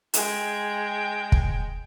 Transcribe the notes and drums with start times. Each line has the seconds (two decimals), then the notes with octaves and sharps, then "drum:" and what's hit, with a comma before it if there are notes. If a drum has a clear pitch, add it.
0.14 G#3 G5, drum: hi-hat
1.32 drum: kick